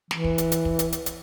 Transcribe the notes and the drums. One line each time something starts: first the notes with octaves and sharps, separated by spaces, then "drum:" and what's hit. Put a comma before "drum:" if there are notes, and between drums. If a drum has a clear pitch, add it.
E3, drum: snare
drum: kick
drum: hi-hat
drum: hi-hat
drum: kick
drum: hi-hat
drum: hi-hat
drum: hi-hat